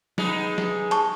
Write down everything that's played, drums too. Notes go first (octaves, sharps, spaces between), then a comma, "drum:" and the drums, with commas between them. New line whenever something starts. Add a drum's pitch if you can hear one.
G#3 B3 D#4, drum: snare
drum: snare
A5 C#6, drum: hi-hat